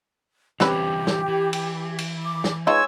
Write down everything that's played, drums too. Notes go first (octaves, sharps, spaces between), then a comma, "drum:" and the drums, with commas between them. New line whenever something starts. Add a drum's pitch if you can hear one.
D3 E3 G3 C4 C#4 G4 B4, drum: snare
drum: snare
E3
drum: cymbal
drum: cymbal
D6
drum: snare
G#3 D#4 F4 B4 C#5 G#5 E6